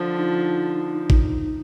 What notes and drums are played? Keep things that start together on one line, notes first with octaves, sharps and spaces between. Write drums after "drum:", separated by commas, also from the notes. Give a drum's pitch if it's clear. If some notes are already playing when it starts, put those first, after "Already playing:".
Already playing: D3 F3
D#4
drum: kick G#1